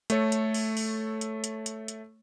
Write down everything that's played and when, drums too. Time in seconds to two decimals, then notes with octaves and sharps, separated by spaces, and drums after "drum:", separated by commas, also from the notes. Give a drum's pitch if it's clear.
0.10 A3 A4 C#5, drum: hi-hat
0.32 drum: hi-hat
0.54 drum: open hi-hat
0.77 drum: open hi-hat
1.21 drum: hi-hat
1.44 drum: hi-hat
1.66 drum: hi-hat
1.88 drum: hi-hat